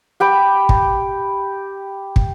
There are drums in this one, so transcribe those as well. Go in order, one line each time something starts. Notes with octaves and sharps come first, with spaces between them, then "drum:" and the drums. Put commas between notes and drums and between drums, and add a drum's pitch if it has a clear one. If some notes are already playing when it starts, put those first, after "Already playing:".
G4 G5 B5
drum: kick
drum: kick